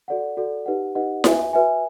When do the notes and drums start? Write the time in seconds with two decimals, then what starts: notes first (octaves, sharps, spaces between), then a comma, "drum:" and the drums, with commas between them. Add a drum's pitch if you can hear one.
0.08 F#4 A4 D5 F#5
0.37 F#4 A4 D5 F#5
0.66 D#4 G4 B4 D#5 F#5
0.95 D#4 G4 B4 D#5 F#5
1.24 F#4 B4 E5 G#5, drum: snare E4
1.53 F#4 B4 E5 G#5